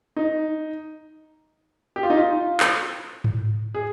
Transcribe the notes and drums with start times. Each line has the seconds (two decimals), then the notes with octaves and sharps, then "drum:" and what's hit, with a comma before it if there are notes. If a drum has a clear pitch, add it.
0.16 D#4
1.96 G4
2.03 F4
2.10 D#4
2.17 F4
2.60 drum: clap
3.24 drum: tom G#2
3.75 G#4